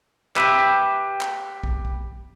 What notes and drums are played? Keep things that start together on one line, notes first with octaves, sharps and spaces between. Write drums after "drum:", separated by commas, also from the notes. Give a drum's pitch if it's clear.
G4 B4 E5, drum: clap
drum: clap
drum: kick
drum: kick